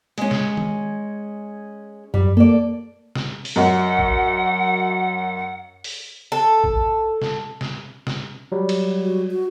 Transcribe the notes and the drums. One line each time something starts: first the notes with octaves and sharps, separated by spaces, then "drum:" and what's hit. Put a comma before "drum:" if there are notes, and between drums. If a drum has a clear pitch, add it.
G#3 C#4, drum: hi-hat
drum: snare
drum: tom D#3
F#2 G3
A#3 A4 D5
drum: snare
drum: open hi-hat
F#2 F#3 D#5 F#5
drum: kick A1
drum: open hi-hat
A4
drum: kick A1
drum: snare
drum: snare
drum: snare
F#3 G3
drum: cymbal
F#4
F#4